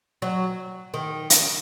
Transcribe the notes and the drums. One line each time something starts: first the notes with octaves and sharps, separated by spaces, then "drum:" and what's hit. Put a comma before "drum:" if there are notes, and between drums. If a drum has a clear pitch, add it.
F#3
D#3
drum: hi-hat